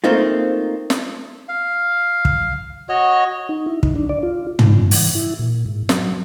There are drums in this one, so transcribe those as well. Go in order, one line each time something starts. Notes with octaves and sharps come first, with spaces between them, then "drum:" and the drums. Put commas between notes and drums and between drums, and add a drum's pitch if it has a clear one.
A3 A#3 C4 D#4 F4
drum: snare
F5
drum: kick
F#4 C#5 D#5
D#4
E4
D#4, drum: kick
D4
D5
F4
C#3, drum: tom
E3, drum: open hi-hat
E4
A#2
G#2
F#3, drum: snare